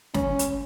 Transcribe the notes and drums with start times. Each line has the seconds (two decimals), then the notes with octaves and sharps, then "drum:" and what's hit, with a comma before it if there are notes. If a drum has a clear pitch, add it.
0.14 C#4, drum: snare
0.39 drum: hi-hat